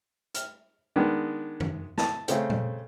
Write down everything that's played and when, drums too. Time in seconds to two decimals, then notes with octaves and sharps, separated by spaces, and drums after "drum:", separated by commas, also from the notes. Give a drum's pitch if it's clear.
0.34 F6, drum: hi-hat
0.96 D#3 G#3 B3 D4
1.60 drum: tom F2
1.98 A5, drum: snare
2.28 C#3 A3 C4, drum: hi-hat
2.50 drum: tom